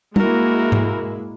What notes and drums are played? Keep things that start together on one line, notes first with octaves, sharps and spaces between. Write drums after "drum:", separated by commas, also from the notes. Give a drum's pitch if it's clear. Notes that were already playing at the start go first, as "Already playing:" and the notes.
G#3 A#3 E4 F#4 A#4, drum: tom
drum: tom G#2